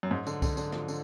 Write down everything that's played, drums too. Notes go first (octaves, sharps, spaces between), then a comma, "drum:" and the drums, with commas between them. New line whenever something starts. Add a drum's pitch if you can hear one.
F#2
G#2
D3, drum: tambourine
D3, drum: kick C2, tambourine
D3, drum: tambourine
F3, drum: snare
D3, drum: tambourine